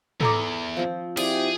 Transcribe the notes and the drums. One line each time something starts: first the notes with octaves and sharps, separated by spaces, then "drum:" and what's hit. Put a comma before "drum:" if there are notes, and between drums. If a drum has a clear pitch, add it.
E2 A4 A#5 D6, drum: tom
F3 C4
C4 E4 F4 G4 G#4 D5 F5, drum: cymbal